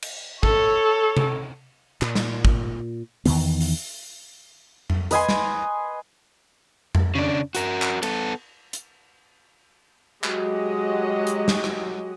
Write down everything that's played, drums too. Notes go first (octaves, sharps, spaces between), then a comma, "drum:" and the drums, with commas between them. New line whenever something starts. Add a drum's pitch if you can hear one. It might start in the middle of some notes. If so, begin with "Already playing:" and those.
drum: cymbal
A4 C#5, drum: kick
drum: tom C3
A#2, drum: clap
drum: snare
drum: kick
E2 D#3 E3 B3, drum: open hi-hat
drum: open hi-hat
drum: tom F2
B4 D#5 G#5 C6, drum: hi-hat
drum: snare
drum: tom F2
C#3 D4
F#4 A#4, drum: hi-hat
drum: clap
B3 A4, drum: cymbal
drum: hi-hat
F#3 G#3 F#4 G4 D#5, drum: clap
drum: hi-hat
drum: snare
drum: rim click